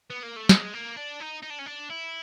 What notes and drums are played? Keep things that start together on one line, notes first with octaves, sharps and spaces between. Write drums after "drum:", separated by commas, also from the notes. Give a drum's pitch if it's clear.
B3
A#3
A3
G#3, drum: snare
A#3
D4
D#4
D#4
D4
C#4
D4
E4